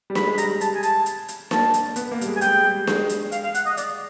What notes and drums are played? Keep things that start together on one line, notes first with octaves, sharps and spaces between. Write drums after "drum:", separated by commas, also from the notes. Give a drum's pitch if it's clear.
G3
G#3 B5, drum: snare D4
G#3
G3 A#5, drum: hi-hat
A5, drum: hi-hat
G#5
A5, drum: hi-hat
drum: hi-hat
drum: hi-hat
A#3 A5, drum: snare D4
drum: hi-hat
B3, drum: hi-hat
A#3
G3, drum: hi-hat
G#3
G#5
G#3 G5, drum: hi-hat
G3
G#3, drum: snare D4
drum: hi-hat
F5, drum: hi-hat
F5
F#5, drum: hi-hat
D#5
D5, drum: hi-hat